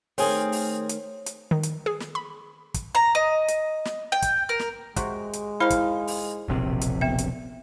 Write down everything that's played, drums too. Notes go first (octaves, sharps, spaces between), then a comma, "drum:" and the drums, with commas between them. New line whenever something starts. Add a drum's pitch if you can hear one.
D#3 A3 C4 G#4 C#5, drum: open hi-hat
drum: open hi-hat
drum: hi-hat
drum: hi-hat
D#3
drum: hi-hat
G#4
drum: snare
B5
drum: kick, hi-hat
A#5
D#5
drum: hi-hat
drum: snare
G5
drum: kick, hi-hat
A#4
drum: snare
C3 G#3 F#4, drum: kick, hi-hat
drum: hi-hat
D#3 E4 C5 F5 B5
drum: kick, hi-hat
drum: open hi-hat
E1 A#1 C3
drum: hi-hat
B3 E5
drum: hi-hat